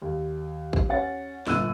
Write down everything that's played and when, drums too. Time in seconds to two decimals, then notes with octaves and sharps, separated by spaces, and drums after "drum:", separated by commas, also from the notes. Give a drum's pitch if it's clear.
0.02 D#2
0.73 drum: kick A1
0.89 C#4 F#5 A6
1.47 G1 A#2 E6 F#6 D#7, drum: snare